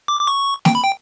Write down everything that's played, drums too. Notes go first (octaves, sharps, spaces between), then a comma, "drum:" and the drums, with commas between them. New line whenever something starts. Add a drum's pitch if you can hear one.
D6
D6
C#6
G5, drum: snare
B5
G5